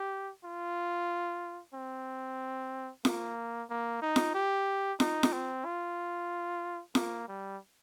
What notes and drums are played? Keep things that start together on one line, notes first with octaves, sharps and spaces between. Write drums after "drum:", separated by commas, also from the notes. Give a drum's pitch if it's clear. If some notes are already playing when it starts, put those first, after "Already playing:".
Already playing: G4
F4
C4
A#3, drum: snare F4
A#3
D#4
drum: snare F4
G4
D#4, drum: snare F4
drum: snare F4
C4
F4
A#3, drum: snare F4
G3